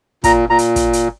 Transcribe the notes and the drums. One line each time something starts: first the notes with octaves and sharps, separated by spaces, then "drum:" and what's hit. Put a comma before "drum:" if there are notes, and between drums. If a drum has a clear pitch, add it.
A#2 A#5, drum: kick, hi-hat
A#2 A#5
drum: hi-hat
drum: kick, hi-hat
drum: hi-hat